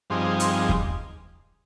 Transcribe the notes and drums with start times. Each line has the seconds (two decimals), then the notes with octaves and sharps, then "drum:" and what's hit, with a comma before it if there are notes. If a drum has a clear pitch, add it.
0.10 G2 F3 C4 D#4 G#4
0.40 drum: hi-hat
0.69 drum: kick E2